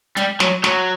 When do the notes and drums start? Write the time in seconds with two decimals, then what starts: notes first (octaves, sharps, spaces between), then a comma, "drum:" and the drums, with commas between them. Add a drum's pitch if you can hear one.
0.17 G3, drum: hi-hat
0.40 F#3, drum: snare
0.64 F#3, drum: snare